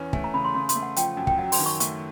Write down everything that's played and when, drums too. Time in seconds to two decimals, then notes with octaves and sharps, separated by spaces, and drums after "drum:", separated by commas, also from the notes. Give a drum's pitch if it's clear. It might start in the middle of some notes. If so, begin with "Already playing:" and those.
Already playing: E2 E3 C#4
0.13 A3 G#5, drum: kick
0.24 A#5
0.34 C#3 B5
0.45 C6
0.55 C#3 C6
0.69 C6, drum: hi-hat
0.76 A3
0.83 F#5
0.96 F3 G5, drum: hi-hat
1.17 F#2
1.27 G5, drum: kick
1.38 F#3 F#5
1.52 C6, drum: open hi-hat
1.59 D#3
1.66 C#6
1.80 A3 C#6, drum: hi-hat